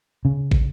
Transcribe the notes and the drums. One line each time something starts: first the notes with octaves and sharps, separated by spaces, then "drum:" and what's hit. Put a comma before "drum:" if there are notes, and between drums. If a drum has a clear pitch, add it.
C#3
drum: kick